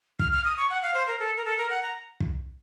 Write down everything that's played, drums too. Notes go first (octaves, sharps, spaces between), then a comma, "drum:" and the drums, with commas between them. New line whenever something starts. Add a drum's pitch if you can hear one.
F6, drum: kick
F6
D#6
C#6
F#5
F5
C5
A#4
A4
A#4
A4
A#4
F#5
A#5
drum: kick